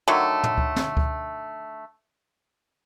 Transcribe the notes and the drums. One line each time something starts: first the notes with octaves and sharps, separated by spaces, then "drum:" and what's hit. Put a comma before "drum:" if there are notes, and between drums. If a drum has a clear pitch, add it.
D3 D#3 F#3 A3
drum: tom
drum: kick C#2
drum: snare
drum: kick C#2